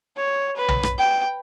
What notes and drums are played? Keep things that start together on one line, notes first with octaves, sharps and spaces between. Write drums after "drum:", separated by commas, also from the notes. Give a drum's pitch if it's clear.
C#5
B4
drum: tom B1
drum: rim click
G5